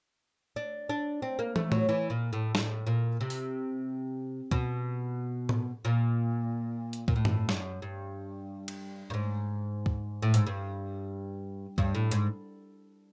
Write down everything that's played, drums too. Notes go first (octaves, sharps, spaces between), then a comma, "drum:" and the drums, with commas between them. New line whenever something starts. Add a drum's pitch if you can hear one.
D4
D4
C4
A#3
A3, drum: tom
F#3, drum: tom A2
E3
A#2
A2
A2, drum: snare
A#2
C3
drum: open hi-hat
B2, drum: kick C#2
drum: tom A2
A#2
drum: hi-hat
A#2, drum: kick C#2
A2
drum: tom G2
F#2, drum: snare
G2
drum: cymbal
G2
G#2
drum: kick C#2
A2
G#2, drum: hi-hat
G2
G2, drum: kick C#2
A2
G#2, drum: hi-hat